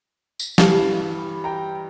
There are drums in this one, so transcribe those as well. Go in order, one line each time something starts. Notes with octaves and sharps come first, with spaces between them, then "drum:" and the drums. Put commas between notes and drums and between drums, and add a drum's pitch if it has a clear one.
drum: tambourine
G2 E3 G3 F5 A5, drum: snare
G5 A#5